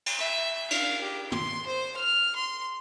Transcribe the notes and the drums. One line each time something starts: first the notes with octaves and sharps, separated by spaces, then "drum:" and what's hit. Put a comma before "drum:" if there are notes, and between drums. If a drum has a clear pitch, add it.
drum: cymbal
E5
F5, drum: cymbal
G4
C6, drum: tom
C5
F6
C6